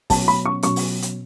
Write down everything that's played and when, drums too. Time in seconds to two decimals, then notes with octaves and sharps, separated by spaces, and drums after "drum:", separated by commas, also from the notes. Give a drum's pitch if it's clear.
0.10 B2 F#3 C#4 A5, drum: kick, open hi-hat
0.28 B5
0.45 C#6
0.63 B2 F#3 C#4 C#6, drum: hi-hat
0.76 drum: open hi-hat
1.02 drum: hi-hat